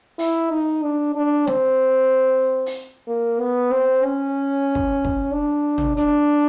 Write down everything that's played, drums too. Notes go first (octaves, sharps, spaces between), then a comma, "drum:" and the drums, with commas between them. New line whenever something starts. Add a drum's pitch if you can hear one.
E4, drum: open hi-hat
D#4
D4
D4
C4, drum: snare
drum: open hi-hat
A#3
B3
C4
C#4
drum: kick
drum: kick
D4
drum: tom
D4, drum: hi-hat